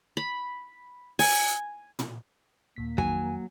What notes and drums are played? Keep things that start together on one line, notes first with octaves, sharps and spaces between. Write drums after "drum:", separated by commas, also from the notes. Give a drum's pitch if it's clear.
B5
G#5, drum: open hi-hat
drum: tom
D#2 A#2 A#3 B6
F2 D#3 F#3 G#5, drum: kick